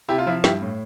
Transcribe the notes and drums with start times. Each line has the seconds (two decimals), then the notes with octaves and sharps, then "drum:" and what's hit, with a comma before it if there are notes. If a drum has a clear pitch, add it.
0.08 C3 E4 G4
0.18 F4
0.27 F3 E4
0.44 G2 E4 G4, drum: snare
0.61 A2